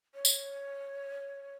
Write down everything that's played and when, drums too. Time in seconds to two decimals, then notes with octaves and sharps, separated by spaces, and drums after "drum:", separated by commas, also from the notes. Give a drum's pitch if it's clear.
0.15 C#5
0.25 drum: tambourine